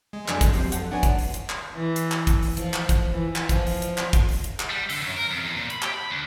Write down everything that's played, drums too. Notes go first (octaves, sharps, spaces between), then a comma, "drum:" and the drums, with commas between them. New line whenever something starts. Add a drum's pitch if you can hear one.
G#3
F2 F#3 D4 A4 G#5, drum: clap
drum: kick, hi-hat
G1 C4 G4 C5, drum: open hi-hat
A4 F#5, drum: hi-hat
F#3 B3 D4 F#5 G#5
drum: kick, hi-hat
drum: open hi-hat
drum: hi-hat
drum: clap
E3
drum: hi-hat
drum: clap
drum: kick, hi-hat
drum: open hi-hat
F3, drum: hi-hat
drum: clap
drum: kick, hi-hat
E3
drum: clap
F3, drum: kick, hi-hat
drum: open hi-hat
drum: hi-hat
drum: clap
drum: kick, hi-hat
drum: open hi-hat
drum: hi-hat
drum: clap
G3
D3, drum: open hi-hat
F#2
A#4
F2
E2
A#2
B5, drum: hi-hat
G4, drum: clap
B5
D2